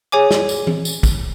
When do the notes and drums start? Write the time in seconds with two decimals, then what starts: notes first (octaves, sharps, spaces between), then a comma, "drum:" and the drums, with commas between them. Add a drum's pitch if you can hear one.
0.12 G#4 C#5 G#5 D6
0.31 drum: snare
0.49 drum: tambourine
0.67 drum: tom E3
0.85 drum: tambourine
1.03 drum: kick, tambourine